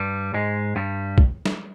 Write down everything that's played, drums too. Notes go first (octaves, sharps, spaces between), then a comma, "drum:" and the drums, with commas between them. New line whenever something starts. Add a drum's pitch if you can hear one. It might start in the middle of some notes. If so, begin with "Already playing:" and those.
Already playing: G2 G3
G#2 G#3
G2 G3
drum: kick B1
drum: snare